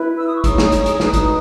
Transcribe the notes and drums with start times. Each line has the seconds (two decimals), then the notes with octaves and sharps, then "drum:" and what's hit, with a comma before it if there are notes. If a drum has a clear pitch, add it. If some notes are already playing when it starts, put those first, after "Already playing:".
Already playing: E4 B4
0.17 E6
0.26 D#6
0.36 C#6
0.44 D#4 G#4 C#5 D#6, drum: kick G#1, hi-hat
0.58 drum: snare
0.72 drum: kick G#1, hi-hat
0.86 drum: hi-hat
1.00 D#4 F#4 B4, drum: snare
1.13 drum: kick G#1, hi-hat